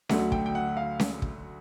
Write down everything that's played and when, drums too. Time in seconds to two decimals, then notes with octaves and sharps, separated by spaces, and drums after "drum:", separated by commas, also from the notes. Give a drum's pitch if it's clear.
0.09 D2 D3 F#3 A3 F#5, drum: snare C#4
0.32 G5, drum: kick
0.46 G5
0.55 F#5
0.77 F5
1.00 drum: snare C#4
1.22 drum: kick